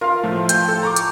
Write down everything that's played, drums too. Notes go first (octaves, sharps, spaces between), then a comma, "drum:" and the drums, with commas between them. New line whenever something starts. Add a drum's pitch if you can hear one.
F4 A#4 F5
A2 F3 A3
G5, drum: hi-hat
A4
A#5 C#6 D6
drum: hi-hat